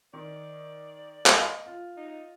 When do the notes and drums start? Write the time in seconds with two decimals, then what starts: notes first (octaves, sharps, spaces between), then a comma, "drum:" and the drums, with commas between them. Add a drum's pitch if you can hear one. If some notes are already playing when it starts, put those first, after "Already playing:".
0.13 D#3 D5
1.26 A#3 D#5 G5, drum: clap
1.66 F4
1.97 D#4